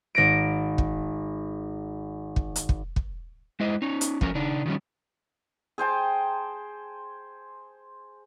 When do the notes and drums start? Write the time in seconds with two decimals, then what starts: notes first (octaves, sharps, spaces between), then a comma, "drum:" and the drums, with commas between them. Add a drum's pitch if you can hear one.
0.15 G#1 A#6 D7
0.78 drum: kick
2.36 drum: kick
2.56 drum: hi-hat
2.69 drum: kick
2.96 drum: kick
3.60 G#3 E4 C5 D#5
3.82 C#4 D#4
4.01 drum: hi-hat
4.21 F3 A3 C#4 A#4, drum: kick
4.35 C#3 D4 D#4
4.66 D#3 F3 G3 C#4
5.78 G#4 C5 G5 A5